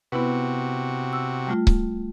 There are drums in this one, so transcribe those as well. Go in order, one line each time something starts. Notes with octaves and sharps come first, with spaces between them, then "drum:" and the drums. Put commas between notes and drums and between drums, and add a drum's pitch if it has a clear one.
C3 B3 E4 F#4 B4
E6
G3 A3 F4
drum: kick C#1